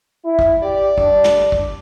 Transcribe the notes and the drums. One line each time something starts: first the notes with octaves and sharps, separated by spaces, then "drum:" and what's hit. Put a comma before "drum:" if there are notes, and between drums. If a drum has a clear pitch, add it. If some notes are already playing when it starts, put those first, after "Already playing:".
E4
drum: kick
G4 D5
G3 D4, drum: kick
drum: snare
drum: kick